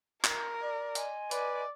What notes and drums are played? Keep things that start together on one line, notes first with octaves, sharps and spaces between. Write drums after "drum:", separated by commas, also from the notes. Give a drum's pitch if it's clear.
A#4, drum: clap
D5
D#5 G#5 C6, drum: hi-hat
B4 D5, drum: hi-hat